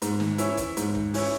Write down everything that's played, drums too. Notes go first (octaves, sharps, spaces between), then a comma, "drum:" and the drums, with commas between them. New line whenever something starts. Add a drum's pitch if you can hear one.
G#2, drum: hi-hat
drum: snare
E3 C#4 E4, drum: hi-hat
drum: kick, hi-hat
G#2, drum: hi-hat
drum: kick
E3 C#4 E4, drum: open hi-hat